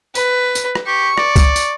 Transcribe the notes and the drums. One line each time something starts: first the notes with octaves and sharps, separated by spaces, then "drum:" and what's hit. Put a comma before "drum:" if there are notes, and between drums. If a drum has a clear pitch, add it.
B4, drum: tambourine
drum: tambourine
drum: rim click
G4 C#6
D5, drum: rim click
drum: kick C#2, tambourine
drum: tambourine